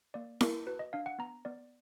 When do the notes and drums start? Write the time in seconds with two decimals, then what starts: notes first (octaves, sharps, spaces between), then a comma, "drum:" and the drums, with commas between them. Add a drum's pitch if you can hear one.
0.14 A#3 D5
0.41 A#3 A#4, drum: snare E4
0.67 F#4 B4
0.79 D#5
0.93 D4 F5
1.06 F#5
1.19 B3 A#5
1.45 B3 D5